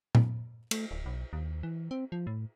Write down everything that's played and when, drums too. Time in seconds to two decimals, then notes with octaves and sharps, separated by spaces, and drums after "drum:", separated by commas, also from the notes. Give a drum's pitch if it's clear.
0.15 drum: tom A#2
0.71 A3, drum: cymbal
0.91 D1
1.06 B1
1.33 D#2
1.63 E3
1.91 C4
2.12 F3
2.27 A2